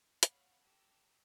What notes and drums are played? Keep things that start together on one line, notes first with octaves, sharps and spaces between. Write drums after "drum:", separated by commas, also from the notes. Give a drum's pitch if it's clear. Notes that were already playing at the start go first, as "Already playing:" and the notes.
C#5 F5 F#5 B5, drum: hi-hat
G4 A4 A#5 E6